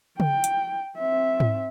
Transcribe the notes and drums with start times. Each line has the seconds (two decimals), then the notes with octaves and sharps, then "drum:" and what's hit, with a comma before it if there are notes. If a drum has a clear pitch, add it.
0.20 G5, drum: tom C#3
0.44 drum: hi-hat
0.98 C4 E5
1.40 drum: tom G#2